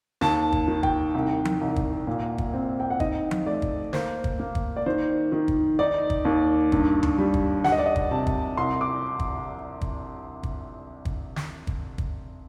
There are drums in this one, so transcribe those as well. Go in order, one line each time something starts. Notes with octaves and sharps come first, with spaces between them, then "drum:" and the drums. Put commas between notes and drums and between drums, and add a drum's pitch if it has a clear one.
D#2 A5, drum: snare
drum: kick
D#3
G5, drum: kick
C2
drum: tom F3
C2
drum: kick
A#2
drum: kick
C4
G5
F#5
D#4 D#5, drum: kick
drum: tom F3
A3 D5
drum: kick
A#3 C5, drum: snare
drum: kick
A#3
drum: kick
D5
D#3 C5
D#3
drum: kick
D#4 D5
drum: kick
D#2
G2, drum: kick
drum: tom D2
G3
drum: kick
G3 F#5, drum: snare
D#5
D5
D#5
drum: kick
C3 A5
drum: kick
C2 C6
D6
drum: kick
drum: kick
drum: kick
drum: kick
drum: snare
drum: kick
drum: kick